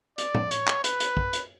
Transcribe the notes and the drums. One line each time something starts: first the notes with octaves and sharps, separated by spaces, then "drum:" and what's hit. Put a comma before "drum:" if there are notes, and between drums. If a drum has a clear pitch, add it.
D5, drum: hi-hat
drum: tom A2
C#5, drum: hi-hat
drum: clap
B4, drum: hi-hat
drum: hi-hat
drum: kick
drum: hi-hat